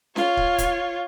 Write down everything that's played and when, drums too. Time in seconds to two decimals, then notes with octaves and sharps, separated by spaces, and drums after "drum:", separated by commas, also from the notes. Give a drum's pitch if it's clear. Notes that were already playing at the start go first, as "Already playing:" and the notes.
0.16 F4 C#5, drum: snare C#4
0.37 drum: kick
0.58 drum: kick, hi-hat